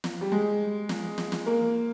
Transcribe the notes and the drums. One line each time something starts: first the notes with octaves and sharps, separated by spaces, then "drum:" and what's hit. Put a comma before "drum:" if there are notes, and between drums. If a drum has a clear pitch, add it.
drum: snare
G3
G#3
drum: snare
drum: snare
drum: snare
A#3